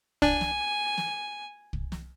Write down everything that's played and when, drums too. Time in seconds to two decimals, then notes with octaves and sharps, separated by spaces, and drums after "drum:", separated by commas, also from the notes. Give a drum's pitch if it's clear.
0.22 D4 G#5, drum: kick
0.41 drum: snare
0.98 drum: snare
1.73 drum: kick
1.92 drum: snare